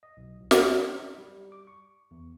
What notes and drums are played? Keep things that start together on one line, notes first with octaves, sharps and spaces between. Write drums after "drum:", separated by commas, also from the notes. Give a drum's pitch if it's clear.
D#5
B1
C2
drum: snare
C5
D#4
G3
D6
C#6
E2